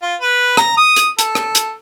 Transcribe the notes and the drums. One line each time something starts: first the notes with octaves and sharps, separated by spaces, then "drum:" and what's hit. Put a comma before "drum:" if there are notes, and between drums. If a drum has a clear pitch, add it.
F4
B4
A#5, drum: rim click
D#6
drum: hi-hat
A4, drum: hi-hat
drum: rim click
drum: hi-hat